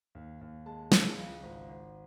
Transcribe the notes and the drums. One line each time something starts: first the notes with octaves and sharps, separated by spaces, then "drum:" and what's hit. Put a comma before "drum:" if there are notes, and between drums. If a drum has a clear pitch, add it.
D#2
D#2
G#3 A5
C#3, drum: snare
C#2
G#1
G#1